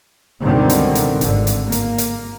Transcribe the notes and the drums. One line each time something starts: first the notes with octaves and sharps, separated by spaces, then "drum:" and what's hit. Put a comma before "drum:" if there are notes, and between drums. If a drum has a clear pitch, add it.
C#2 G2 B2 D3 D#3 C4
drum: hi-hat
drum: hi-hat
G#1 D3, drum: hi-hat
drum: hi-hat
A#3, drum: hi-hat
drum: hi-hat